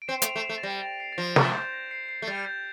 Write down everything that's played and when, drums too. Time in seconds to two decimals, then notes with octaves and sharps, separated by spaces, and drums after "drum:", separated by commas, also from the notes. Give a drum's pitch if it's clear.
0.02 D7
0.08 C4 C7 E7
0.22 A3 D7 F7, drum: hi-hat
0.35 A3 C7 E7
0.49 A3
0.58 A6
0.63 G3 A#6
0.82 A6
1.00 C7
1.13 A6
1.18 F3 A#6
1.36 A6, drum: snare
1.55 G6
1.73 A#6
1.91 C7
2.09 C7
2.22 A3
2.27 G3 A6
2.46 G6